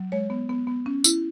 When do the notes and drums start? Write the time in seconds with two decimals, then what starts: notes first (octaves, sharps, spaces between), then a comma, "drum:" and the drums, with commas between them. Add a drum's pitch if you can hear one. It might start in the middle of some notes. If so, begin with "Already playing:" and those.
Already playing: F#3
0.12 G#3 C#5
0.30 B3
0.49 B3
0.67 B3
0.86 C#4
1.04 E4, drum: tambourine